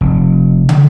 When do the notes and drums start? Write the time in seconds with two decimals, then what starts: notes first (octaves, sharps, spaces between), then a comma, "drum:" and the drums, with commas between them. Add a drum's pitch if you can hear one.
0.01 F1
0.69 drum: tom